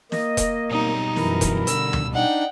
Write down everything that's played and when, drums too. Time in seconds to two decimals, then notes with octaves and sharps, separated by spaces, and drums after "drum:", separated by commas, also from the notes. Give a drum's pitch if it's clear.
0.12 A#3 D#5, drum: snare
0.37 drum: kick E1, hi-hat
0.71 B2 F#3 G3 C4 D#4 D#6
1.16 F#2 E3 A#4 B5, drum: snare
1.41 drum: kick E1, hi-hat
1.67 D3 E6, drum: hi-hat
1.93 drum: tom
2.14 D4 D#4 F#5 G5